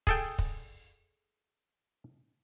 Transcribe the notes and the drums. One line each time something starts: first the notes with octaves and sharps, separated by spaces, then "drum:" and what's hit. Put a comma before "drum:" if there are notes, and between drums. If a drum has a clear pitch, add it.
G#4 A4 G5, drum: kick
drum: kick